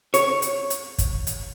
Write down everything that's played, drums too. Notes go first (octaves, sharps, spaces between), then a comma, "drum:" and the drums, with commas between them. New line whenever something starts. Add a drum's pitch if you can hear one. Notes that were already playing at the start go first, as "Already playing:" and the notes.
C#5, drum: hi-hat
drum: hi-hat
drum: hi-hat
drum: kick, hi-hat
drum: hi-hat